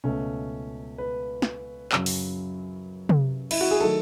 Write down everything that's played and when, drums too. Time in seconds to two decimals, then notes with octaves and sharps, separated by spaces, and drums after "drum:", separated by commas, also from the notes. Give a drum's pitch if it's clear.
0.04 C#2 B2 A3 C#4
0.98 B4
1.42 drum: snare
1.92 F#2 C#3 F#3, drum: clap
2.06 drum: open hi-hat
3.09 drum: tom
3.51 E4, drum: cymbal
3.61 F#4
3.71 G#4
3.81 D#3 F#3 A3 A4